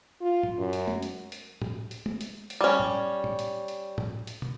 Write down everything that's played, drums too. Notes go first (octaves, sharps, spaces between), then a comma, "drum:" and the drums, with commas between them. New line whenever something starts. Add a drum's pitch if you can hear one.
F4
drum: tom
F#2
drum: hi-hat
drum: tom
drum: hi-hat
drum: hi-hat
drum: tom A2
drum: hi-hat
drum: tom
drum: hi-hat
drum: hi-hat
G3 C#4
drum: tom
drum: tom
drum: hi-hat
drum: hi-hat
drum: tom A2
drum: hi-hat
drum: tom